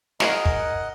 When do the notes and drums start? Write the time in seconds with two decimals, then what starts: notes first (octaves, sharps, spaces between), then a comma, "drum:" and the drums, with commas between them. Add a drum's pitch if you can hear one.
0.20 D#4 G#4 A#4 D#5 F#5, drum: snare
0.46 drum: kick